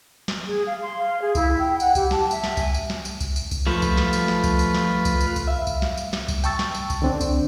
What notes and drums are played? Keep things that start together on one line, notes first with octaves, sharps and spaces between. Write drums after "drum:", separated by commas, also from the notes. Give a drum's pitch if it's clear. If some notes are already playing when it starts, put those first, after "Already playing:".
drum: snare
G#4
F5
C6
F5
G#4
E4, drum: kick C2, tambourine
G5
F#5, drum: tambourine
G4, drum: kick C2, tambourine
A5, drum: snare
E5, drum: tambourine
drum: snare
G#5, drum: kick C2, tambourine
drum: tambourine
drum: snare
drum: tambourine
drum: kick C2, tambourine
drum: tambourine
drum: kick C2, tambourine
F3 A3 F4 B4
drum: kick C2, tambourine
drum: snare
drum: tambourine
drum: snare
drum: kick C2, tambourine
drum: tambourine
drum: snare
drum: kick C2, tambourine
drum: tambourine
drum: kick C2, tambourine
E5 F5
drum: kick C2, tambourine
drum: snare
drum: tambourine
drum: snare
drum: kick C2, tambourine
G5 A5 C#6 E6 A6, drum: tambourine
drum: snare
drum: tambourine
drum: kick C2, tambourine
D3 C4 D4
drum: kick C2, tambourine